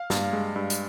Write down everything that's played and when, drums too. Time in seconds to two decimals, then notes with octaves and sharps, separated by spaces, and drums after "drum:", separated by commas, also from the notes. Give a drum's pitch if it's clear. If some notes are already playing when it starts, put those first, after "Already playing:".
Already playing: F5
0.10 G2, drum: snare
0.33 G#3
0.56 G2
0.70 drum: hi-hat